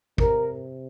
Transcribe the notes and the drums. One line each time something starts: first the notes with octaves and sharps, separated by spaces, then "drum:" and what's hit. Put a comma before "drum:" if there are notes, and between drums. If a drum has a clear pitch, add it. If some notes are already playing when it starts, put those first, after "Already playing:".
C3 A#4, drum: kick